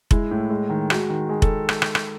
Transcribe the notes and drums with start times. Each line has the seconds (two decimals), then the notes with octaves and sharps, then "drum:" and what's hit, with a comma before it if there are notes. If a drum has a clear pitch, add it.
0.11 G#3 E4, drum: kick F1
0.31 A2
0.50 G#3
0.70 D#3
0.90 G#3 F#4, drum: rim click
1.10 D#3
1.29 G#3 G#4
1.42 A4, drum: kick F1
1.69 drum: rim click
1.82 drum: rim click
1.95 drum: rim click